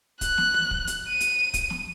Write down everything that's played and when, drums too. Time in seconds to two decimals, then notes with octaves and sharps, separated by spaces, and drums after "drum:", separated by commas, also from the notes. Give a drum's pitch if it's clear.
0.21 F#6, drum: kick, hi-hat
0.38 drum: snare
0.54 drum: tom
0.71 drum: kick
0.87 drum: hi-hat
1.09 D#7
1.20 drum: hi-hat
1.54 drum: kick, hi-hat
1.70 drum: snare